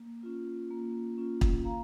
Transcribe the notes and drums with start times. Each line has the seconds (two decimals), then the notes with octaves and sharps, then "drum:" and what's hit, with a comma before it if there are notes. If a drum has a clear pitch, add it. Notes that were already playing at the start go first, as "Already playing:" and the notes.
Already playing: A#3
0.23 C#4 F4
0.70 A#3
1.18 C#4 F4
1.41 drum: kick
1.65 A#3 F5 A#5